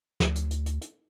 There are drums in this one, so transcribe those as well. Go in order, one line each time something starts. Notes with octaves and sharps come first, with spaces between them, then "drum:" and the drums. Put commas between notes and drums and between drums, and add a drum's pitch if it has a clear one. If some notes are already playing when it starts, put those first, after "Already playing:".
D2, drum: snare
drum: hi-hat
drum: hi-hat
drum: hi-hat
drum: hi-hat